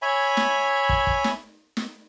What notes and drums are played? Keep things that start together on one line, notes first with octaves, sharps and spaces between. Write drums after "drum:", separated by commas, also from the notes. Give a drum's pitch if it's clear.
C#5 E5 G#5 B5
drum: snare
drum: kick
drum: kick
drum: snare
drum: snare